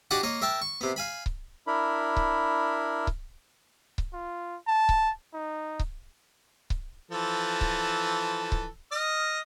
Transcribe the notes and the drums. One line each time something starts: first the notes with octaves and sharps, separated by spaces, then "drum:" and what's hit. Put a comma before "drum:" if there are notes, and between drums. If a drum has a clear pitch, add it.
D4 F#4 G4 D#5 F#5 A5
A#3 C#5 D#5
A#4 E5 G5 A5
C#6
C3 B3
F5 G#5 B5
drum: kick C#1
D4 E4 A#4 B5
drum: kick C#1
drum: kick C#1
drum: kick C#1
F4
A5
drum: kick C#1
D#4
drum: kick C#1
drum: kick C#1
E3 F3 A4
drum: kick C#1
drum: kick C#1
D#5 F6